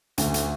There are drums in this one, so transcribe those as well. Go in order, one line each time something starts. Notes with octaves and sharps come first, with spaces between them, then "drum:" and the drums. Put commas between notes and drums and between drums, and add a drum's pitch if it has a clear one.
D2, drum: hi-hat
drum: hi-hat